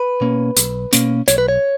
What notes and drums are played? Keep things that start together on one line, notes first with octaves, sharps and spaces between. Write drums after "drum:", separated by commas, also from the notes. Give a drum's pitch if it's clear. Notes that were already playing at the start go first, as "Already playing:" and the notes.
Already playing: B4
B2 A#3 C#4
B1, drum: hi-hat
B2 A#3 C#4, drum: hi-hat
B1 C#5, drum: hi-hat
B4
C#5